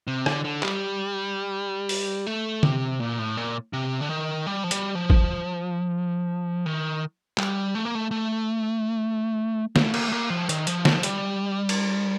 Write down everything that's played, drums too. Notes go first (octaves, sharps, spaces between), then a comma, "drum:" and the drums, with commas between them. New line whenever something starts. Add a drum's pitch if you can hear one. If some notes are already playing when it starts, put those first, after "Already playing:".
C3
D3, drum: rim click
D3
G3, drum: clap
drum: open hi-hat
A3
C3, drum: tom D3
A#2
A2
A#2
C3
D3
D#3
G3
F3
G3, drum: hi-hat
F3
drum: kick
D#3
G3, drum: clap
A3
A#3
A3
A3
A3, drum: snare
A#3, drum: cymbal
A3
A#3
F3
D#3, drum: hi-hat
F3, drum: hi-hat
A3, drum: snare
F3
G3, drum: hi-hat
drum: cymbal